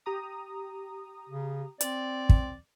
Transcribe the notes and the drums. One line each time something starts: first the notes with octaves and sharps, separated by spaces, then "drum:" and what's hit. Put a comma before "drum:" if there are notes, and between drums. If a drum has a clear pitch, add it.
G4 A#5 D#6
C#3
C4 D5, drum: hi-hat
drum: kick